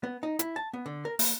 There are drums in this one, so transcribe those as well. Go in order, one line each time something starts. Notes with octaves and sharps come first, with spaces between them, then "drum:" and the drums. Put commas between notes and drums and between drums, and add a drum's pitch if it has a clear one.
B3
D#4
E4, drum: hi-hat
A5
B3
D3
A#4
A#3, drum: open hi-hat